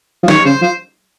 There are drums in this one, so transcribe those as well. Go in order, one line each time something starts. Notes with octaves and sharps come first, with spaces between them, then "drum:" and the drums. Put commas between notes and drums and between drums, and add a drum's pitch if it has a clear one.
F3
D#3 C#5, drum: snare
C#3 C5
F3 C5